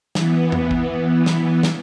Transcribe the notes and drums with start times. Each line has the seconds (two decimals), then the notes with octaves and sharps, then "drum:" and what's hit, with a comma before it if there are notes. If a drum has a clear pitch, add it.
0.15 E3 B3, drum: snare
0.52 drum: tom E2
0.71 drum: kick
1.26 drum: snare
1.63 drum: snare